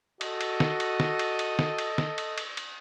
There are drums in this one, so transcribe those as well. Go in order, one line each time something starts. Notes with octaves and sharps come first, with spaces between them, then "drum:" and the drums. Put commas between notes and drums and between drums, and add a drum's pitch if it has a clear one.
F#4 A4 D#5, drum: cymbal
drum: cymbal
drum: snare
drum: cymbal
drum: snare
drum: cymbal
drum: cymbal
drum: snare
drum: cymbal
drum: snare
drum: cymbal
drum: cymbal
drum: cymbal